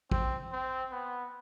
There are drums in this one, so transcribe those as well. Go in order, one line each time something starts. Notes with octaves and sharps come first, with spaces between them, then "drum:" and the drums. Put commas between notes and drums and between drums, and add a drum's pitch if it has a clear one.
C4, drum: kick
C4
B3